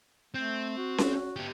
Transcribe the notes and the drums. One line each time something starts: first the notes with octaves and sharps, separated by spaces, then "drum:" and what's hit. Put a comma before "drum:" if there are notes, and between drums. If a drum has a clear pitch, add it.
A3 C4
F#4
drum: snare C#4
B3 G4